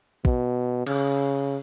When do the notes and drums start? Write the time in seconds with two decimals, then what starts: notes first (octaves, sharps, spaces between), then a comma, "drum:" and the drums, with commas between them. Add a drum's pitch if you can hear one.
0.25 B2, drum: kick
0.86 C#3, drum: cymbal